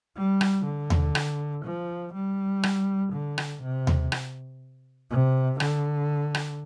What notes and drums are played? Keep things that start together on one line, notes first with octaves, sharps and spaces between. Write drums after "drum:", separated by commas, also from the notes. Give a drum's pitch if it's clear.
G3
drum: rim click
D3
drum: tom D#2
drum: rim click
F3
G3
drum: rim click
D3
drum: rim click
C3
drum: tom D#2
drum: rim click
C3
D3, drum: rim click
drum: rim click